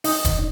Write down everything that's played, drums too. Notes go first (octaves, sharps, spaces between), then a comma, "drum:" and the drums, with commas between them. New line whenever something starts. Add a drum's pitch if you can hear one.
D#4, drum: open hi-hat
drum: kick E1, hi-hat